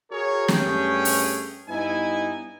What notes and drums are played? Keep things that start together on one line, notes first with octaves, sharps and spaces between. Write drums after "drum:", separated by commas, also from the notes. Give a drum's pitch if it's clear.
F#4 G#4 A#4 C#5
G2 A3 C#4 G4 G#4 G5, drum: snare
drum: open hi-hat
G2 B3 D#4 E4 G#5